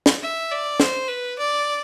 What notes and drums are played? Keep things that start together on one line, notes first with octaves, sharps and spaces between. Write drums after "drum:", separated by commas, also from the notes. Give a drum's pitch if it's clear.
drum: snare
E5
D5
C5, drum: snare
B4
D5